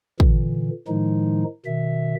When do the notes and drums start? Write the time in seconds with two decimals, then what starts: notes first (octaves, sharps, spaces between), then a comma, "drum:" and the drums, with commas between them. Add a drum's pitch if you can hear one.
0.20 A#2 D3 E3, drum: kick
0.88 A2 D#3 F3 G#3 D#4
1.66 B2 D#3 E5